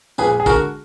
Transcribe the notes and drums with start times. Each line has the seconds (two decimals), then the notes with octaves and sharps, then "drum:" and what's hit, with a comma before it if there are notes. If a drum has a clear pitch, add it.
0.18 A#2 F3 G#3 G#4 B4, drum: tambourine
0.40 G#4
0.46 D3 G#3 F#4 A#4, drum: kick G#1, tambourine